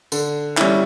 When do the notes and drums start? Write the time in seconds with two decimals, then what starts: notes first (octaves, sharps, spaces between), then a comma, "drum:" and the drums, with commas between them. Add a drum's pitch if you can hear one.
0.12 D3, drum: tambourine
0.57 G3 C#4 E4, drum: clap